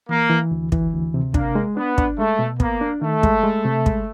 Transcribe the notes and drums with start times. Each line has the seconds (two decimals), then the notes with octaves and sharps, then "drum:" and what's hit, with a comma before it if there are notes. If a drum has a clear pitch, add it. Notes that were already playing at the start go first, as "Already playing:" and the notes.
0.09 E3 A#3
0.30 E3
0.51 D2
0.72 E3, drum: kick
0.93 D2
1.14 C3
1.34 A#3 D4, drum: kick
1.55 G#3
1.77 B3 D4
1.98 D4, drum: kick
2.18 G#3 A3
2.39 B2
2.60 A#3 B3, drum: kick
2.81 D4
3.02 D#3 A3
3.23 G#3, drum: kick
3.43 G#3
3.65 C3
3.86 G#3, drum: kick